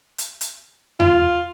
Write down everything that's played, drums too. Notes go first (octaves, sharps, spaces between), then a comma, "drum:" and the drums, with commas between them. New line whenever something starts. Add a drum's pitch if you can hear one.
drum: hi-hat
drum: hi-hat
F4, drum: tom E2